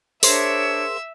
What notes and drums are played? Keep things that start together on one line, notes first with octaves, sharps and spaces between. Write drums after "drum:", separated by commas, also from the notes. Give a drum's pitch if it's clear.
D4 G#4 A#4 C5 C#5 E5 E6, drum: open hi-hat